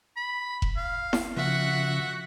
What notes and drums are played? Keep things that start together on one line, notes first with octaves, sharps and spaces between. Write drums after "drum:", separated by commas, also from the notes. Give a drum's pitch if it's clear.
B5
drum: kick F1
F5
drum: snare E4
C#3 F3 F#4 E5 F#5